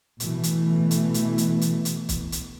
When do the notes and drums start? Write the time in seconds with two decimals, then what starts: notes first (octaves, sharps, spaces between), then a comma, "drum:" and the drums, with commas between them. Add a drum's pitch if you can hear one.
0.20 B2 E3 A3, drum: hi-hat
0.43 drum: hi-hat
0.91 drum: hi-hat
1.14 drum: hi-hat
1.38 drum: hi-hat
1.61 drum: hi-hat
1.85 drum: hi-hat
2.09 drum: kick, hi-hat
2.32 drum: hi-hat